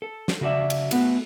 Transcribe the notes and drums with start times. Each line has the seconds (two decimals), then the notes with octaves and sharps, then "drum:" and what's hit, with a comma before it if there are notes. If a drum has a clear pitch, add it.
0.02 A4
0.28 drum: snare
0.41 C#3 F#4 G4 D5 E5
0.70 drum: cymbal
0.91 A3 B3 F#4, drum: cymbal